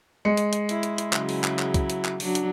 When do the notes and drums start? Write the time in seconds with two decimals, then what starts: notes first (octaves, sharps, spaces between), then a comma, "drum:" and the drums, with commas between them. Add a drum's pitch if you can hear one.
0.25 G#3 C#7
0.37 drum: hi-hat
0.53 drum: hi-hat
0.69 E4, drum: hi-hat
0.83 drum: hi-hat
0.98 drum: hi-hat
1.13 C#3 F#3 E4, drum: clap
1.29 drum: open hi-hat
1.44 drum: clap
1.59 drum: clap
1.74 drum: kick, hi-hat
1.90 drum: hi-hat
2.05 drum: clap
2.20 F#3 D4, drum: open hi-hat
2.35 drum: hi-hat